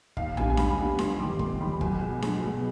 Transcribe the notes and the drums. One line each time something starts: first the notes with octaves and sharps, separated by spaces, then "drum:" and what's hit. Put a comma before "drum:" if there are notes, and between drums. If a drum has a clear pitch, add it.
D#2 F5, drum: kick
D3 G3 B3 G#5, drum: tom A#1
G#5
D#2 B5, drum: snare D4
D3 G3 B3
F1 C6, drum: snare D4
D#2 D#3 G3 D6
F1 C6, drum: kick
D#2 D#3 G3 B5
B1 G#5, drum: kick
B2 G#3 B3
B1, drum: snare D4
B2 G#3 B3